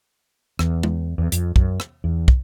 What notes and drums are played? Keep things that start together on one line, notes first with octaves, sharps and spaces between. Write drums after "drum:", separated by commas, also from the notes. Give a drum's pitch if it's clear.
E2, drum: rim click
drum: tom G#3
E2
F2, drum: hi-hat
F#2, drum: kick
drum: rim click
E2
drum: kick